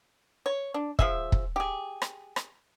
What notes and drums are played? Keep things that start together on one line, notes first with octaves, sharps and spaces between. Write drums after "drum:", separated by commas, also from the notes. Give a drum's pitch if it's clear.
C#5
D4
F3 G#4 E5, drum: kick
drum: kick
G4 G#4
drum: rim click
drum: rim click